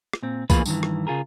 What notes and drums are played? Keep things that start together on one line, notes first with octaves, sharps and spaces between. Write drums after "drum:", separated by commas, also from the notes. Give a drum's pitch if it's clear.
drum: rim click
A#2 C4
A2 E3 A#3 F4 G#4 B4, drum: kick B1, tambourine
G2 D#3 E3, drum: tambourine
drum: rim click
C#3 F4 G#4 A#4